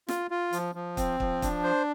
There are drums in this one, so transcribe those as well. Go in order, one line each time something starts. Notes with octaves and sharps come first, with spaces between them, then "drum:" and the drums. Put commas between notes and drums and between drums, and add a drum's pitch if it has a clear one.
F4, drum: snare
F4
F3, drum: hi-hat
F3
C4, drum: kick, hi-hat
F3, drum: kick
D4, drum: kick, hi-hat
C5